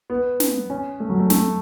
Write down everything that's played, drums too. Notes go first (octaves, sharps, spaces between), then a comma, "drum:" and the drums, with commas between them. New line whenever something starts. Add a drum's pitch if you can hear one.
B3
drum: snare
C#4
A3
F#3
A3
A3, drum: snare